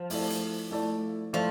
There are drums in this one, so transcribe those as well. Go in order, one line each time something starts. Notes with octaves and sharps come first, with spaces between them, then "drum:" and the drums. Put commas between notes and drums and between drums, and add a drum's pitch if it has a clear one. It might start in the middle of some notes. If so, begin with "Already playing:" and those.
Already playing: F3
A3 E4 A4 D5, drum: open hi-hat
drum: hi-hat
A3 E4 A4 D5
F3 A3 E4 A4 D5